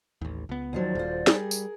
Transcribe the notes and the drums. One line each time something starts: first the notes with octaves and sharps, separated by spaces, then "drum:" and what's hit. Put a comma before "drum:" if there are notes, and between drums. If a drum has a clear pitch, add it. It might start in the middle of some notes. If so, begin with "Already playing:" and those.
A1 D#2
C#2 B3
D#2 F3 F#3 C5 D5
D#1 F4 F#4 A4
G3 G#4 A#4, drum: snare
drum: tambourine